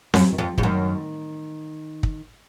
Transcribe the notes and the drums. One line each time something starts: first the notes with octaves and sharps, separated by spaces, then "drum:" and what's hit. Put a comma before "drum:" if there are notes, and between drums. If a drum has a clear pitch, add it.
F#2 F#3, drum: snare C4
D#3
F2 F3
G#2 F3, drum: kick
F#2 D#3
drum: kick